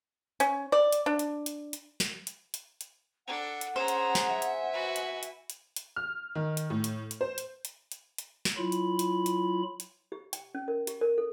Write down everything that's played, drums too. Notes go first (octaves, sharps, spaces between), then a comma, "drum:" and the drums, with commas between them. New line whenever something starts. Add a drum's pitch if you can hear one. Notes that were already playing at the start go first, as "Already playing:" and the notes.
C#4, drum: hi-hat
D5
drum: hi-hat
D4
drum: hi-hat
drum: hi-hat
drum: hi-hat
drum: snare
drum: hi-hat
drum: hi-hat
drum: hi-hat
D4 A4 F#5
drum: hi-hat
C#4 G#4 C5 A#5 E6
drum: hi-hat
drum: snare
E5 G#5
drum: hi-hat
F#4 B4
drum: hi-hat
drum: hi-hat
drum: hi-hat
drum: hi-hat
F6
D#3
drum: hi-hat
A2
drum: hi-hat
drum: hi-hat
C5
drum: hi-hat
drum: hi-hat
drum: hi-hat
drum: hi-hat
drum: snare
F#3 E4 F4 B5
drum: hi-hat
drum: hi-hat
drum: hi-hat
drum: hi-hat
G4
G5, drum: hi-hat
C#4
A#4
G4, drum: hi-hat
A#4
A4